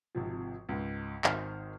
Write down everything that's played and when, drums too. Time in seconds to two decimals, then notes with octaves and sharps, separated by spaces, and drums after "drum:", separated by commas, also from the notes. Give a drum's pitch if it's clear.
0.15 G#1 C3 F3
0.69 C#2 G#2
1.24 G#1 D#3 C5 F6, drum: clap